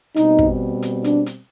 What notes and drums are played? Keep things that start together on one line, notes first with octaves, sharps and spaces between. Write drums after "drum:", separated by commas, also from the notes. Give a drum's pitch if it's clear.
B2 G3 C4 D#4, drum: hi-hat
drum: kick
drum: hi-hat
D4, drum: hi-hat
drum: hi-hat